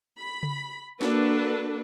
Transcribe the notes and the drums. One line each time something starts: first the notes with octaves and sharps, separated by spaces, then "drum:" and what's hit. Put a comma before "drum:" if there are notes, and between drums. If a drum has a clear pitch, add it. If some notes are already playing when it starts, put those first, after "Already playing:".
B5
drum: tom C#3
A#3 D4 F#4 A4 B4, drum: snare C#4